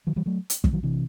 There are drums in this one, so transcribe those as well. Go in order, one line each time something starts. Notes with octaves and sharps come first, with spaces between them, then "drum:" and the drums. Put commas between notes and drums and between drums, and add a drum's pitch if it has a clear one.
D#3 F#3
E3 G3
F#3 A3
drum: hi-hat
E3 G3, drum: kick
D#3 F#3
C3 E3